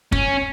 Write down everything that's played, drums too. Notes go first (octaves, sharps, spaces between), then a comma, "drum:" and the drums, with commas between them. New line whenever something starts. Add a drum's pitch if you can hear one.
C#4, drum: kick